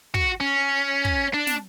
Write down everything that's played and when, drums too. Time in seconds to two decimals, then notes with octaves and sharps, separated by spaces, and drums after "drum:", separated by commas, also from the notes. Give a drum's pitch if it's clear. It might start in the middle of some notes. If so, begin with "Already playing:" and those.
0.14 F#4, drum: kick
0.41 C#4
1.05 drum: kick
1.34 D4
1.47 drum: snare